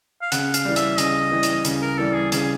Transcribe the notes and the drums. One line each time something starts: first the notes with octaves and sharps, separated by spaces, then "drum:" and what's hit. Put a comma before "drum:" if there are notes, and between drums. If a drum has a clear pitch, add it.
F5
C#3 F#5, drum: hi-hat
F5, drum: hi-hat
E3 G3
E5, drum: hi-hat
C#3 D#5, drum: hi-hat
E3 G3
drum: hi-hat
C#3, drum: hi-hat
A#4
E3 G3 A4
G#4
C#3 G#4, drum: hi-hat